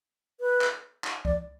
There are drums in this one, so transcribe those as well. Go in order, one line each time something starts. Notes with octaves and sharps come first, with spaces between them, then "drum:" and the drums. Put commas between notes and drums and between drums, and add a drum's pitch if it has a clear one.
B4
drum: clap
drum: clap
D5, drum: kick C#2